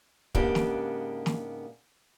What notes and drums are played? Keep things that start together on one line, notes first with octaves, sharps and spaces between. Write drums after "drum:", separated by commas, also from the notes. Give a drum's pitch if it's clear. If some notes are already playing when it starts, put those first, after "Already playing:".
G#2 C#3 A#3 B3 D4 G4, drum: kick
drum: snare
drum: snare